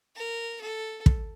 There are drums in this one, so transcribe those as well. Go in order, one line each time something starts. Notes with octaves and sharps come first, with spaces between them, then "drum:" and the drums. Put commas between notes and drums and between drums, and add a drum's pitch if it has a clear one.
A#4
A4
drum: kick